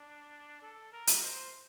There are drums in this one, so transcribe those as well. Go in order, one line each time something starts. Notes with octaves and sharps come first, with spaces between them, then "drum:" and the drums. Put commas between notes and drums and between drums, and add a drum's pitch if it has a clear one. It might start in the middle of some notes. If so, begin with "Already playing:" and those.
Already playing: D4
A4
A#4
drum: hi-hat
C5